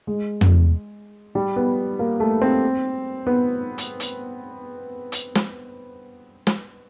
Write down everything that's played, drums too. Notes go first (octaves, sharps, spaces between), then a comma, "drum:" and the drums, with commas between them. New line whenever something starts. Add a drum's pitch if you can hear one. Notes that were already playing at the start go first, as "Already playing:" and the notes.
G#3
drum: tom
G3
B3
A#3
A3
C4
B3
drum: hi-hat
drum: hi-hat
drum: hi-hat
drum: snare
drum: snare